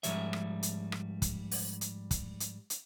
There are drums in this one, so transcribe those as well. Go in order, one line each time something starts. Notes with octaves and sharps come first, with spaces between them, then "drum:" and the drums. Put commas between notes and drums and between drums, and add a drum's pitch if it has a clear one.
G#2 F3 G3 C#5 E5, drum: hi-hat
drum: rim click
drum: hi-hat
drum: rim click
drum: kick, hi-hat
drum: open hi-hat
drum: hi-hat
drum: kick, hi-hat
drum: hi-hat
drum: hi-hat